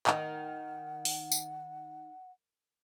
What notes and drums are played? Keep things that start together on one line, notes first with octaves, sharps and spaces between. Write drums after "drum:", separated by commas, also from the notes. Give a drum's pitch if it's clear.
D#3 F#5, drum: clap
drum: open hi-hat
drum: tambourine